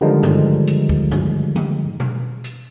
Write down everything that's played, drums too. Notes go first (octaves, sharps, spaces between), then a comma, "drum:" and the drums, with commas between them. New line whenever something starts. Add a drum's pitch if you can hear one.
D3 D#3 F3 G3 G#3 D#4
drum: tom F#2
drum: hi-hat
drum: kick
drum: tom F#2
drum: tom E3
drum: tom B2
drum: hi-hat